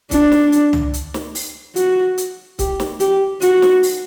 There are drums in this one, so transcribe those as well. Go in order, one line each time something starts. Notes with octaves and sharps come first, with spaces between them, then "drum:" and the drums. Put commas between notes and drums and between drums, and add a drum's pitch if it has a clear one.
D4, drum: kick C#1, hi-hat
drum: snare
drum: hi-hat
drum: tom
drum: hi-hat
drum: snare
drum: open hi-hat
F#4, drum: hi-hat
drum: hi-hat
G4, drum: kick C#1, hi-hat
drum: snare
G4, drum: hi-hat
F#4, drum: hi-hat
drum: snare
drum: open hi-hat